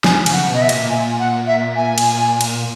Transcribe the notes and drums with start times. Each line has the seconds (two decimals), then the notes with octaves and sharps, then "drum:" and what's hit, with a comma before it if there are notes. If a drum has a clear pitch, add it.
0.04 G#5, drum: snare
0.26 C#3, drum: cymbal
0.32 F#5
0.38 C#3
0.48 B2
0.54 D#5
0.62 E5
0.69 A#2, drum: cymbal
0.90 G#5
1.19 F#5
1.47 E5
1.76 G#5
1.98 drum: cymbal
2.41 drum: cymbal